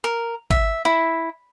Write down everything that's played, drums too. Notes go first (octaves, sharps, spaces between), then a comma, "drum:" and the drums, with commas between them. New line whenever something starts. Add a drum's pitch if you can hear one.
A#4
E5, drum: kick
E4